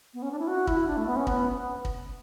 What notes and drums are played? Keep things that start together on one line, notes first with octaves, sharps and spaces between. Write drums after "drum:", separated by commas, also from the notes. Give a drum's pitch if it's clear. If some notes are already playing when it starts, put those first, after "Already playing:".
B3
C#4
D4
E4
F#4
E4, drum: kick
D4
A3
B3
C#4
B3, drum: kick
drum: kick